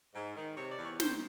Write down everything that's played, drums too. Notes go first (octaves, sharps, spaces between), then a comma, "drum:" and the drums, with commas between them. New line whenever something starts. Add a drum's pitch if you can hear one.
G#2
D#3
C3 C#5
D5
E2
C#5
D#3 C5, drum: snare